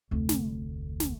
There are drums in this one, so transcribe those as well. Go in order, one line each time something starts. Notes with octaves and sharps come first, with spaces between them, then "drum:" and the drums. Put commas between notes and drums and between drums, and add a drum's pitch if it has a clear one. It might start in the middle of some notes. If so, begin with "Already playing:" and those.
F1 D2
drum: snare
drum: snare